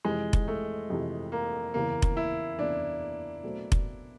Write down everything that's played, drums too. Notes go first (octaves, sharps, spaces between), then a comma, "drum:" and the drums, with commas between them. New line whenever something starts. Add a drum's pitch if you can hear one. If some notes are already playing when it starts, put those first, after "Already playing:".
F2 C3 E3 G#3
drum: kick F1
A3
F2 C3 E3
A#3
F#1 E2 C#3 E3 A#3
drum: kick F1
E4
F#1 E2 C#3 E3 D4
B2 F#3 A3 C4
drum: kick F1